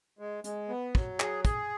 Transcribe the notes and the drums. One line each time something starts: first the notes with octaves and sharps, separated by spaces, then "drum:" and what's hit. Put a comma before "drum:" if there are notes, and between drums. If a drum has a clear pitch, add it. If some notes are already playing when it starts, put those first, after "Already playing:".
G#3
G#3, drum: hi-hat
B3
F#3, drum: kick
G#4, drum: clap
G#4, drum: kick, hi-hat